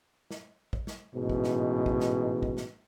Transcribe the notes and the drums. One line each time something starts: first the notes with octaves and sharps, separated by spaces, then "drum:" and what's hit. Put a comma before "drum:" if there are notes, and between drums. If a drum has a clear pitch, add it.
drum: snare
drum: kick
drum: snare
A1 G#2 B2
drum: kick
drum: snare
drum: kick
drum: snare
drum: kick
drum: snare